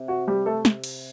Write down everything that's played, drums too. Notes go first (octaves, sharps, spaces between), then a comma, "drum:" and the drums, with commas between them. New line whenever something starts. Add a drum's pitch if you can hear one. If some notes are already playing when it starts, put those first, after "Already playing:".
Already playing: C3
F#4
G3 G4
A3 A4
drum: snare
drum: cymbal